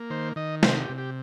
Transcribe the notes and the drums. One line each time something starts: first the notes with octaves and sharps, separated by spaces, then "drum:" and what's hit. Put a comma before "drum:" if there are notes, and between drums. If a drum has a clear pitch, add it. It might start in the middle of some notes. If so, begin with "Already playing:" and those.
Already playing: A#3
D#3 C5
D#3 D#5
C3 C5, drum: snare
G4
C3
G4